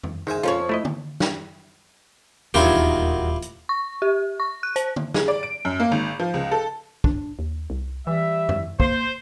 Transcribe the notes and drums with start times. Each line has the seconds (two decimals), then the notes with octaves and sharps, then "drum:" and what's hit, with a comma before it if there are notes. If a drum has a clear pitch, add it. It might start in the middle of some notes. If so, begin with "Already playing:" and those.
0.03 drum: tom F2
0.27 G#2 D#3 C5 E5 G#5
0.43 F2 F3 C#4 F4 A4 C#5
0.69 A3 E4 D#5
0.85 drum: tom
1.20 drum: snare
2.54 D#1 E2 D#3 F#3 D4 E4 F4 G4
3.42 drum: hi-hat
3.69 C#6
4.02 G4
4.40 C#6
4.63 F#6
4.76 C5, drum: hi-hat
4.96 drum: tom
5.14 G#4, drum: snare
5.28 D5
5.43 D7
5.65 F#2
5.80 A#3
5.92 G#1
6.19 F3
6.34 C#2
6.51 A4
7.04 D4, drum: kick
7.39 D#2
7.70 C2
8.07 E3 G3 E5
8.49 G2, drum: tom F2
8.80 A#3 C5, drum: kick